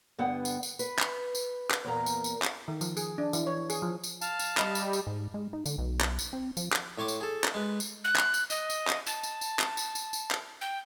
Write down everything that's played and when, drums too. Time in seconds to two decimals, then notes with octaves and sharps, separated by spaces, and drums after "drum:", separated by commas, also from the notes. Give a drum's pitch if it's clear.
0.18 G2 D3 B3 F#5 G5
0.45 drum: tambourine
0.63 drum: tambourine
0.79 B4, drum: tambourine
0.99 drum: clap
1.35 drum: tambourine
1.71 drum: clap
1.85 E2 A#2 A#4 A#5
2.06 drum: tambourine
2.24 drum: tambourine
2.42 drum: clap
2.68 D#3
2.81 F3, drum: tambourine
2.97 G#4, drum: tambourine
3.18 D4
3.33 E3, drum: tambourine
3.47 C#5
3.70 G#4, drum: tambourine
3.82 F3
4.04 drum: tambourine
4.21 F5 A5, drum: tambourine
4.39 drum: tambourine
4.57 G3 D#5 B5, drum: clap
4.75 drum: tambourine
4.93 drum: tambourine
5.07 G#2
5.34 G#3
5.53 D#4
5.66 D3, drum: tambourine
5.78 B1
6.01 drum: clap
6.19 drum: tambourine
6.33 C4
6.57 F3, drum: tambourine
6.72 drum: clap
6.98 A2 C#5 C6 D6
7.08 drum: tambourine
7.21 G#4 A4
7.44 drum: clap
7.54 G#3 B4
7.80 drum: tambourine
8.04 F#6
8.16 drum: clap
8.34 drum: tambourine
8.50 D#5, drum: tambourine
8.70 drum: tambourine
8.88 drum: clap
9.07 A5, drum: tambourine
9.23 drum: tambourine
9.41 drum: tambourine
9.59 drum: clap
9.77 drum: tambourine
9.95 drum: tambourine
10.13 drum: tambourine
10.31 drum: clap
10.61 G5